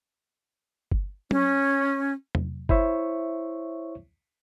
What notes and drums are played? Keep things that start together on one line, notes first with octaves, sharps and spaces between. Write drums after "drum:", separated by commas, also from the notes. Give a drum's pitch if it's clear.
drum: kick G1
C#4, drum: tom
drum: tom
E4 C5 C#5 E5 C#6, drum: kick G1